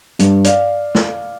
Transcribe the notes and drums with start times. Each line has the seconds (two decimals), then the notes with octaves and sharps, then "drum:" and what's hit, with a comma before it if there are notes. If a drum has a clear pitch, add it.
0.19 G2, drum: hi-hat
0.44 D5 F5, drum: hi-hat
0.95 drum: snare